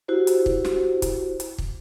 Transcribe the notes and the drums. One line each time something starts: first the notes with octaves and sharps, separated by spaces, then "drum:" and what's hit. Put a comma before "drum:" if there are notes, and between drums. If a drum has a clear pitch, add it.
E4 F#4 G4 C5
drum: hi-hat
drum: kick
drum: snare
drum: kick, hi-hat
drum: hi-hat
drum: kick